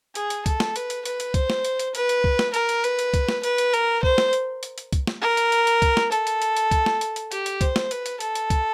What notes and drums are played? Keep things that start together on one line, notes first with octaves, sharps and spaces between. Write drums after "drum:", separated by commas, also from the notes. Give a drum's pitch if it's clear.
G#4, drum: hi-hat
drum: hi-hat
A4, drum: kick, hi-hat
drum: snare
B4, drum: hi-hat
drum: hi-hat
B4, drum: hi-hat
drum: hi-hat
C5, drum: kick, hi-hat
drum: snare
drum: hi-hat
drum: hi-hat
B4, drum: hi-hat
drum: hi-hat
drum: kick
drum: snare
A#4, drum: hi-hat
drum: hi-hat
B4, drum: hi-hat
drum: hi-hat
drum: kick, hi-hat
drum: snare
B4, drum: hi-hat
drum: hi-hat
A#4, drum: hi-hat
C5, drum: kick
drum: snare
drum: hi-hat
drum: hi-hat
drum: hi-hat
drum: kick, hi-hat
drum: snare
A#4
drum: hi-hat
drum: hi-hat
drum: hi-hat
drum: kick, hi-hat
drum: snare
A4, drum: hi-hat
drum: hi-hat
drum: hi-hat
drum: hi-hat
drum: kick, hi-hat
drum: snare
drum: hi-hat
drum: hi-hat
G4, drum: hi-hat
drum: hi-hat
C5, drum: kick, hi-hat
drum: snare
B4, drum: hi-hat
drum: hi-hat
A4, drum: hi-hat
drum: hi-hat
drum: kick, hi-hat